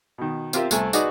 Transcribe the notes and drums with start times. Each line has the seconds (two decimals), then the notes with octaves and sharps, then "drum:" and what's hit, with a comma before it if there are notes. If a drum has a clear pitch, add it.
0.18 B2 D#3
0.53 C4 F4 G4 A#4 C5 E5, drum: tambourine
0.71 C2 A3 G#5, drum: tambourine
0.93 D#4 F#4 G#4 B4 D5 D#5, drum: tambourine